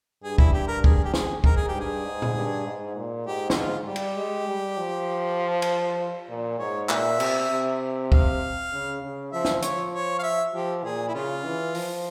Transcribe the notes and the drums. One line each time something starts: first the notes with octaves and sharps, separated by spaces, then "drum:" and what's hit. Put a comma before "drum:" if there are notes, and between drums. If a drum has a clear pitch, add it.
G2 G#4
E4, drum: kick
G4
A#4
G#4, drum: kick
G4
G#4, drum: snare
G#2 A#4, drum: kick
G#4
G4
G2
G#4
G#2
drum: tom A#2
G2
G#2
A#2
G#2 G4
G4, drum: snare
F4
G3 G4
drum: cymbal
G#3
G3
F3
drum: cymbal
A#2
G#2 C#5
A#2 E5, drum: clap
C3, drum: cymbal
C3
F5, drum: kick
C#3
C#3
F3 E5
drum: snare
F3 C#5, drum: hi-hat
C#5
F5
E5
F3 G4
A#2 G#4
E4
C#3 F4
E3
F3, drum: open hi-hat